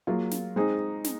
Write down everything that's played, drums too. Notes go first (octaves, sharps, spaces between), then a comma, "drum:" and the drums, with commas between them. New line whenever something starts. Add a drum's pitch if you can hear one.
F#3 A#3 F4 G#4
drum: snare
G#3 C4 D#4 G#4
drum: snare